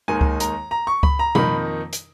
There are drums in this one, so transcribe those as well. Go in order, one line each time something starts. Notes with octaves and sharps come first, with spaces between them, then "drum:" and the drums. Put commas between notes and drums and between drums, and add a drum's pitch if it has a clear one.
D#2 D#3 G#3 D#4 G#5
drum: kick C#2
A#5, drum: hi-hat
A#5
C#6
B5, drum: kick C#2
A#5
F2 D#3 A#3 D#4 B5, drum: tom B2
drum: hi-hat